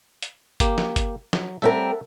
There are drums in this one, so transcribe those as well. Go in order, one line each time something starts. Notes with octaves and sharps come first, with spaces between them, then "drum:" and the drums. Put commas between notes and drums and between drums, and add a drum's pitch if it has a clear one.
drum: hi-hat
A#3 G4, drum: kick G1, hi-hat
drum: snare
drum: kick G1, hi-hat
F#3, drum: snare
G3 C4 A4 A#4 E5 F#5